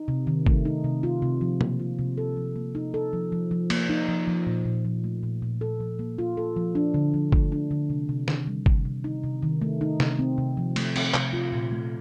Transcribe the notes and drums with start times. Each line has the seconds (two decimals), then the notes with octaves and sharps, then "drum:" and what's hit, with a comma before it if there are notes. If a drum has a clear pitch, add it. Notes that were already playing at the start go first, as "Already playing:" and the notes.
Already playing: D#4
0.08 C3
0.27 D#3
0.46 A3, drum: kick
0.65 D#4
0.84 C3
1.03 F4
1.22 C3
1.41 F3
1.61 A#3, drum: tom B2
1.80 F4
1.99 C3
2.18 A4
2.37 F3
2.56 A#3
2.75 D#4
2.94 A4
3.13 F3
3.32 F3
3.51 F3
3.70 A#3, drum: cymbal
3.89 D#4
4.09 F3
4.27 F3
4.47 A#2
4.65 A#2
4.85 F3
5.04 A3
5.23 A#2
5.42 A#2
5.61 A4
5.80 F3
5.99 A#3
6.18 F4
6.37 A4
6.57 F3
6.75 D4
6.94 D3
7.14 F3
7.32 A3, drum: kick
7.52 D4
7.71 D3
7.90 C3
8.09 C3
8.28 D#3, drum: snare
8.47 G3
8.66 C3, drum: kick
8.85 C3
9.04 D#4
9.23 C3
9.43 D#3
9.62 A3
9.81 D#4
10.00 C3, drum: snare
10.19 C4
10.38 C3
10.57 F3
10.76 A3, drum: cymbal
10.96 C4, drum: cymbal
11.14 C3, drum: clap
11.33 F4
11.52 A#2
11.72 A3